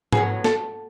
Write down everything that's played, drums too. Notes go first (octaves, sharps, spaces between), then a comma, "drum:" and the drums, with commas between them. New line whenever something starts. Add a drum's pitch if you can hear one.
A2 F#3 B3 G#4, drum: tom G#2
A4, drum: snare